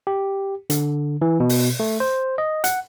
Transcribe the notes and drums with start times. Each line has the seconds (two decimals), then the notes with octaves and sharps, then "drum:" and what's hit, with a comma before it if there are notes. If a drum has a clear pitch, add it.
0.07 G4
0.70 D3, drum: hi-hat
1.22 E3
1.40 B2
1.49 drum: open hi-hat
1.80 A3
2.00 C5
2.38 D#5
2.64 F#5, drum: hi-hat